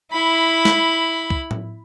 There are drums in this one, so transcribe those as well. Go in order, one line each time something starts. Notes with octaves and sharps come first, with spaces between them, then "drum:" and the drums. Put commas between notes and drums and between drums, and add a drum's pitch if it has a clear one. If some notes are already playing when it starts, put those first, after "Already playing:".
E4 B5
drum: snare
drum: kick
drum: tom A2